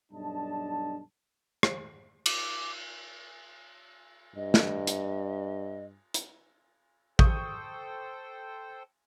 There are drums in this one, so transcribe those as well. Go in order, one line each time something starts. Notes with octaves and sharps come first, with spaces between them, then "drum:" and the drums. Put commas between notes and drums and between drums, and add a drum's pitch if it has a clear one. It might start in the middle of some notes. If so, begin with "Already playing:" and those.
B1 G2 D4 D#5 A5
drum: rim click
D6, drum: cymbal
G2 D#5
drum: snare
drum: hi-hat
drum: hi-hat
A4 C5 G5 C#6 D#6 G6, drum: kick A1